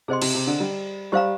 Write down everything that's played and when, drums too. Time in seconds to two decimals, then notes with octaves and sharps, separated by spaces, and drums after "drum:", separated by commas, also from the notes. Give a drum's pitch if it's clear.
0.08 C3 G#4 C5 D#5 G5 C6
0.22 C3, drum: cymbal
0.35 C3
0.47 D3
0.60 G3
1.12 G3 G4 C5 F5 A#5